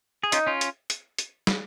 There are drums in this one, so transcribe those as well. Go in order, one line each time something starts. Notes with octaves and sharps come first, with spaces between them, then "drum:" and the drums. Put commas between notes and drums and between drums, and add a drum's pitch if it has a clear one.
G#4
C#4 D#4 F4, drum: hi-hat
C#4 F4
drum: hi-hat
drum: hi-hat
drum: hi-hat
drum: snare